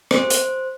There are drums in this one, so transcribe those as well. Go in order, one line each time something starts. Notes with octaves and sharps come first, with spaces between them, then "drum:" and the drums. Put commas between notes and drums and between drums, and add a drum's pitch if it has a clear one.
C5, drum: rim click
drum: hi-hat